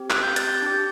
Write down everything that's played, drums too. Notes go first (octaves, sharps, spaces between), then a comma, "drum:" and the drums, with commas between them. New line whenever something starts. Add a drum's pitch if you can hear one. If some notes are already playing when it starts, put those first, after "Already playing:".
Already playing: C4 G4
F#6, drum: clap
G6
A6, drum: hi-hat
G6
D4 G4